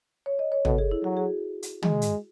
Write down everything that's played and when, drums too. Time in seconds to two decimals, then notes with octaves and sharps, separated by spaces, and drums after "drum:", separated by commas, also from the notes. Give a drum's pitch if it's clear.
0.26 C#5
0.39 D#5
0.52 C#5
0.65 B2 A4, drum: tom
0.78 G#4
0.91 E4
1.03 F#3 F#4
1.17 G#4
1.63 drum: hi-hat
1.83 G#3, drum: tom
2.02 drum: hi-hat